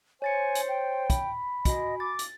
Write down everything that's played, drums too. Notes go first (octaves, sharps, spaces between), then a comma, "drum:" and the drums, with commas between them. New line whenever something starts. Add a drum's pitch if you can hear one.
C5 C#5 G#5 A6 C#7
drum: hi-hat
G5
B5, drum: kick, hi-hat
F#4 D#5 G#5, drum: kick, hi-hat
D6 A6
drum: hi-hat